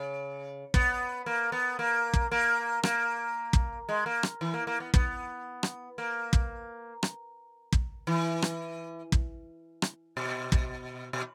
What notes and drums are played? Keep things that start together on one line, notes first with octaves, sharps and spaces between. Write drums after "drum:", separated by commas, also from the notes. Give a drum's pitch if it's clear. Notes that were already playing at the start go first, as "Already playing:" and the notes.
Already playing: C#3
B3, drum: kick
A#3
B3
A#3
drum: kick
A#3
A#3, drum: rim click
drum: kick
G#3
A#3
drum: rim click
E3
A#3
A#3
B3
B3, drum: kick
drum: rim click
A#3
drum: kick
drum: rim click
drum: kick
E3
drum: rim click
drum: kick
drum: rim click
B2
drum: kick
B2